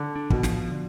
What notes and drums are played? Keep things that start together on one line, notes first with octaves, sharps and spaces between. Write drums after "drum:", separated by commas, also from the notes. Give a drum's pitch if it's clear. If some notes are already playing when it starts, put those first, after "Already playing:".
Already playing: D3
D4
B2, drum: kick
F3, drum: snare
D3